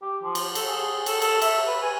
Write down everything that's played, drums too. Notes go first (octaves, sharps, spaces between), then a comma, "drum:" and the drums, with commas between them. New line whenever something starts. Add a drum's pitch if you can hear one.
G4
F3
drum: cymbal
A4, drum: cymbal
G#4
A4, drum: cymbal
A4, drum: cymbal
E5, drum: cymbal
B4
G#5